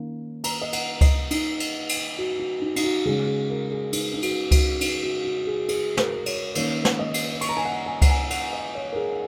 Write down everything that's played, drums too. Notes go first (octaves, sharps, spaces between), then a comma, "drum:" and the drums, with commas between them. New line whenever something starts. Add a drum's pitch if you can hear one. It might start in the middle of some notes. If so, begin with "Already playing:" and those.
Already playing: D#3 A#3 C#4
A#5, drum: cymbal
D#5
F#5, drum: cymbal
D#5, drum: kick C#2, cymbal
D#4, drum: cymbal
drum: cymbal
drum: cymbal
F#4
F#4
D#4
D#4, drum: cymbal
F#4
C#3 G#3 C#4 G#4
G#4
A#4
G#4
D#4, drum: cymbal
D#4
F#4, drum: cymbal
F#4, drum: kick C#2, cymbal
D#4, drum: cymbal
F#4
F#4
G#4
G#4, drum: cymbal
A#4, drum: snare
C#5, drum: cymbal
D#3 A#3 C#4 C#5, drum: cymbal
drum: snare
D#5
drum: cymbal
C#6, drum: cymbal
A#5
G#5
F#5
G#5
F#5, drum: kick C#2, cymbal
G#5
F#5, drum: cymbal
D#5
C#5
A#4
G#4